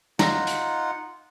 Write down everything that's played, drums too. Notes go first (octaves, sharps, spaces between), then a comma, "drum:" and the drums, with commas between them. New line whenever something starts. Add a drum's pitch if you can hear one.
D#4 F4 F#5 A#5, drum: snare
drum: hi-hat